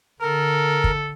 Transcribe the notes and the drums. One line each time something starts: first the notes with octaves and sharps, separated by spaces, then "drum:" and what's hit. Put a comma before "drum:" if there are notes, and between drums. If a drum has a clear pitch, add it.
D3 A4 A#4
drum: kick